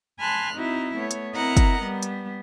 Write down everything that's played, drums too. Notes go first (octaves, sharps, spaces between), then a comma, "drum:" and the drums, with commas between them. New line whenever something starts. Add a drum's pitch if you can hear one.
G#5 A5 B5 C6 F6 F#6
C4 D#4 E4 F#4
A3 B3 C#5
drum: hi-hat
C4 E4 A#4 D#5 F#5 A#5
drum: kick, hi-hat
G3 B3
drum: hi-hat